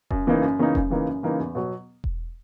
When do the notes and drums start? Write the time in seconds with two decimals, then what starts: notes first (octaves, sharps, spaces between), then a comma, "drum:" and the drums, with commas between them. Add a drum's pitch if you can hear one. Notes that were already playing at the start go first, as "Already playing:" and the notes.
0.11 F#2, drum: kick E1
0.27 C#3 E3 A#3 D#4
0.42 F#2
0.59 C#3 E3 A#3 D#4
0.75 F#2, drum: kick E1
0.90 C#3 E3 A#3 D#4
1.07 F#2
1.23 C#3 E3 A#3 D#4
1.40 E2
1.55 B2 F#3
2.04 drum: kick E1